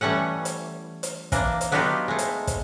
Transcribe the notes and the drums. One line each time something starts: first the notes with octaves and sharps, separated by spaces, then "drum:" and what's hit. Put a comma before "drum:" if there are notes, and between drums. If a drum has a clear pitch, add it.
E3 G3 A3 C#4 F#5
drum: hi-hat
drum: hi-hat
E3 A#3 D4, drum: kick, hi-hat
drum: hi-hat
F#3 B3 D4 D#4 F4 G4
G#3 A3
drum: hi-hat
drum: kick, hi-hat